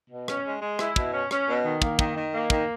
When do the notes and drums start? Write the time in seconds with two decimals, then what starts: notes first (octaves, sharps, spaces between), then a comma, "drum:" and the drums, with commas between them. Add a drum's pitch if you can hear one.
0.11 B2
0.28 C#4, drum: rim click
0.45 G#3
0.62 G#3
0.79 E4, drum: rim click
0.96 B2, drum: kick
1.13 C#4
1.31 C#4, drum: rim click
1.48 B2
1.65 D#3
1.82 A#3, drum: kick
1.99 D#3, drum: kick
2.16 D#3
2.33 A#3
2.50 D#3, drum: kick